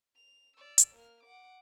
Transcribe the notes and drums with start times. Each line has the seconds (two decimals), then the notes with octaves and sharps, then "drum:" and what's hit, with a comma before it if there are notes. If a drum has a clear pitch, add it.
0.16 F7
0.57 D5 E6
0.78 drum: hi-hat
0.95 A#3 F6
1.24 F#5 D6